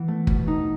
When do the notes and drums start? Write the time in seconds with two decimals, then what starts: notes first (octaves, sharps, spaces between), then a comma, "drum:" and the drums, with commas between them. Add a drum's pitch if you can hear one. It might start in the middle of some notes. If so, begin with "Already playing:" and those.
Already playing: E3 B3
0.08 A3
0.27 B2, drum: kick
0.47 D#4